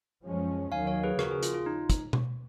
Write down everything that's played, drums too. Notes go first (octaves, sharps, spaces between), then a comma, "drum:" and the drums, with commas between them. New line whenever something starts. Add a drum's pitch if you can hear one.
F#2 F3 G#3 C#4
D#2 D#3 F#3 F5 G#5
C#5 F5
G#4 B4
D#2 C#3 F3 F#4 A#4, drum: rim click
G#4
F4, drum: hi-hat
F4
D#4
drum: kick, hi-hat
drum: tom B2